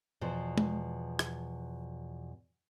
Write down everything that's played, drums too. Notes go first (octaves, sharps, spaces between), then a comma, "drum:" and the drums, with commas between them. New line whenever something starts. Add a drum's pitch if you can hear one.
E2 B2 F3 C5
drum: tom G#3
drum: rim click